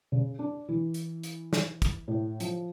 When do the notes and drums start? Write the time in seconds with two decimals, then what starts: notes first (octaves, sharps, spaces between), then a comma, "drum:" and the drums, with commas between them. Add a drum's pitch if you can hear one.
0.12 C#3
0.39 D4
0.69 E3
0.94 drum: hi-hat
1.23 drum: hi-hat
1.53 drum: snare
1.82 drum: kick, hi-hat
2.08 A2
2.40 F3, drum: hi-hat